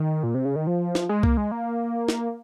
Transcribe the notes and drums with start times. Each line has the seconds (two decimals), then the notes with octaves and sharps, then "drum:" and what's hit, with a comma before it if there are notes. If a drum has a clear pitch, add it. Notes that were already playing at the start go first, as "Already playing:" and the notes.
Already playing: D#3
0.23 A#2
0.35 C3
0.45 C#3
0.56 D#3
0.67 F3
0.95 drum: snare
1.09 G#3
1.23 A#3, drum: kick
1.37 G#3
1.51 A#3
2.09 drum: snare